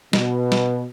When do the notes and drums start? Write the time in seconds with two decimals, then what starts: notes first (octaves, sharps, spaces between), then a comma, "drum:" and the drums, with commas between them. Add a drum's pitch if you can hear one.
0.13 B2, drum: snare
0.52 drum: snare